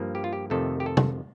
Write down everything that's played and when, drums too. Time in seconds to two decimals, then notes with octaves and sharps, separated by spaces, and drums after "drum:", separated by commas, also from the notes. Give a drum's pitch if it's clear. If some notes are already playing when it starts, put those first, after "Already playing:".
Already playing: G2 F3 A#3
0.15 G4
0.24 F4
0.33 G4
0.50 F2 C3 D#3 A3 A4
0.80 G4
0.86 A4
0.97 drum: tom